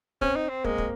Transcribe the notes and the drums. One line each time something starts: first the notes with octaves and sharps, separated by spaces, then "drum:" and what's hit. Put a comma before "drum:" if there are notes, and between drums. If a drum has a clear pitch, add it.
C4 C#4, drum: kick
D#4
C4
G#3 A#3, drum: kick
drum: kick